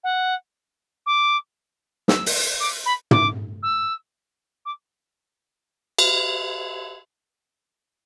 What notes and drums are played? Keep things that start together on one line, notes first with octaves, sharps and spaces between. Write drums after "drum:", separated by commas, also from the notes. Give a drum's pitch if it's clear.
F#5
D6
E6, drum: snare
drum: open hi-hat
D6
B5
D6, drum: tom
E6
D6
drum: cymbal